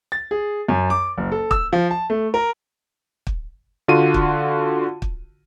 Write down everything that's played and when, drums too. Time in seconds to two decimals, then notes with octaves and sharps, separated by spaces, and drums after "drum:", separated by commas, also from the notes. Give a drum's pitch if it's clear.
0.12 A6
0.31 G#4
0.69 F#2
0.90 D6
1.18 F#1
1.32 A4
1.51 E6, drum: kick
1.73 F3
1.91 A5
2.10 A3
2.34 A#4
3.27 drum: kick
3.88 D3 F4 F#4 D#7
4.14 drum: kick
5.02 drum: kick